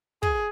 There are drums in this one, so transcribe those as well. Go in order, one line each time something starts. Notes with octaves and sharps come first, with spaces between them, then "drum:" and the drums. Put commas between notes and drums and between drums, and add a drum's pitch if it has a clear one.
G#4, drum: kick